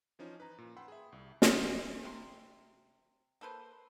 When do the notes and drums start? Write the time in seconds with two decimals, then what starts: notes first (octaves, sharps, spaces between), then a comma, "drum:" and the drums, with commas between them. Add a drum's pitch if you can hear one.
0.19 E3 F3 C#4 D#4
0.40 B4 A#5
0.58 A#2
0.77 F#5 G5 B5 C6 E6
0.88 G#4 E5
1.12 C2
1.42 drum: snare
2.03 C3 F4 C6
3.41 A#3 A4 B4 C5